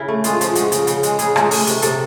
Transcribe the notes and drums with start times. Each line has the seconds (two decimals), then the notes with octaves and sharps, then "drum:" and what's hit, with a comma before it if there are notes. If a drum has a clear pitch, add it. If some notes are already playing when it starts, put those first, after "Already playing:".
Already playing: C#3 E4
0.08 A3
0.24 G#3 F4, drum: hi-hat
0.41 F3, drum: hi-hat
0.55 G#3 F#4, drum: hi-hat
0.72 C#3, drum: hi-hat
0.87 C#3, drum: hi-hat
1.03 G#3, drum: hi-hat
1.19 C#3 G#4, drum: hi-hat
1.36 G#3, drum: rim click
1.51 A3, drum: open hi-hat
1.67 C3, drum: hi-hat
1.82 C3 A4, drum: hi-hat